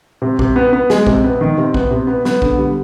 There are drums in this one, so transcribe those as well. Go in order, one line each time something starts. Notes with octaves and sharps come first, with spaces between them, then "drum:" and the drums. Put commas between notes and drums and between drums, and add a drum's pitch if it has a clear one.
C3
C3, drum: kick A#1
B3
B3
G#3, drum: snare
C3, drum: kick A#1
B3
D#3
C3
B3, drum: kick A#1
C3
B3
B3, drum: snare
D3, drum: kick A#1
G3